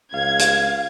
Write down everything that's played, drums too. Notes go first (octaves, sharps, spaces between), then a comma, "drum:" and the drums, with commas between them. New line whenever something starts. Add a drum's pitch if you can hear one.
C#2 F5 G#6
drum: hi-hat